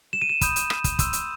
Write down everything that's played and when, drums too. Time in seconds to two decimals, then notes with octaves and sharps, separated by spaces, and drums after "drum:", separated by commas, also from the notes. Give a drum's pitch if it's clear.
0.13 E7
0.22 D#7
0.29 E7
0.41 B5 D#6 G6 E7, drum: kick, hi-hat
0.56 drum: hi-hat
0.70 drum: rim click
0.84 drum: kick, hi-hat
0.99 C6 E6 G6, drum: kick, hi-hat
1.13 drum: hi-hat